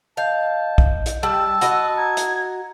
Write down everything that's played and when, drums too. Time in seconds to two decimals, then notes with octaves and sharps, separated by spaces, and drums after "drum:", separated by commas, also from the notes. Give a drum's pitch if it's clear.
0.17 D#5 F5 A5 G6
0.78 drum: kick
1.06 drum: hi-hat
1.23 G3 A5 E6
1.61 F#4 D#5 B5, drum: hi-hat
1.98 A#5 G#6
2.17 drum: hi-hat